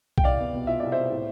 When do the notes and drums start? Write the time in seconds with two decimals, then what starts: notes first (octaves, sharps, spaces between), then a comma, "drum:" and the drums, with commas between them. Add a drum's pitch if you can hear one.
0.18 G5, drum: kick B1
0.24 C2 D5 F5
0.39 B3
0.53 B2
0.67 F4 E5
0.80 C2 D5
0.92 B3 C5 E5
1.12 A2